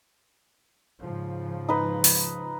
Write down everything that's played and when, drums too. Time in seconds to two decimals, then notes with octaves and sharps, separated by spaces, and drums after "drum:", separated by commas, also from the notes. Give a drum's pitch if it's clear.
1.00 G#2 C#3 F3
1.69 D#4 B4
2.04 drum: open hi-hat